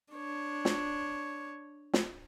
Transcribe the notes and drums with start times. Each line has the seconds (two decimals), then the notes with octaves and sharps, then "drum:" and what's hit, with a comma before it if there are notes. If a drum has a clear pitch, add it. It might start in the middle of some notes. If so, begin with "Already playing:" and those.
0.14 D4 C#5
0.65 drum: snare
1.94 drum: snare